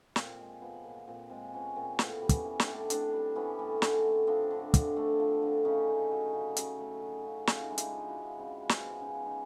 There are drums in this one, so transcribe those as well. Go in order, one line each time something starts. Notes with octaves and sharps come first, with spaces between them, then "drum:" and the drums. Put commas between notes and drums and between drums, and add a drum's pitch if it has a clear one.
A#2 C4, drum: snare
G#3
F3 B3
A#2
A#2 C4
G#3 C4
F3 B3 C#4
A#2 C4
A2 B3, drum: snare
G3
B3 C#4, drum: kick, hi-hat
E3
C4 D4, drum: snare
A2
A2 C4 D4, drum: hi-hat
G3
E3 B3 C#4
A2
D3 C4, drum: snare
A3
F3 C4 D4
D3
D3, drum: kick, hi-hat
A3
F3
D3
C#3 C#4 D#4
A3
F#3
C#3
C#3, drum: hi-hat
A3
F#3
C#3
C#3 F4, drum: snare
E4
D#4
G#3 D4 E4
D#4 F4, drum: hi-hat
F3
E4 F#4
C#3
C#3 C4
G#3
B3, drum: snare
F3
C#4 D#4
C#3
D#4